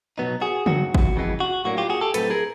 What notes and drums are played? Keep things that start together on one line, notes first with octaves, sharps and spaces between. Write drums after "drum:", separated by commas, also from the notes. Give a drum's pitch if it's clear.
B2 F#3 B3 D#4
F#4 G#4
G2 D#3 F#3 F#4, drum: tom C#3
drum: kick
F2 C#3 E3 G#3 B3
F#4
A2 F#3 A#3 D4 F#4
F4 G4
F#4 G#4
G4 A4
A2 F#3 A3 C4 A4 B4, drum: hi-hat
G#4 A#4